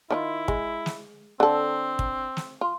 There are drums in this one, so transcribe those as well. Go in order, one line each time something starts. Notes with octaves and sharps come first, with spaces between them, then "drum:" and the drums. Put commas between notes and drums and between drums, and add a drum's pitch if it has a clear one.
D#3 D4 E4 F4
G#3, drum: kick
drum: snare
D3 C4 A4
drum: kick
drum: snare
F4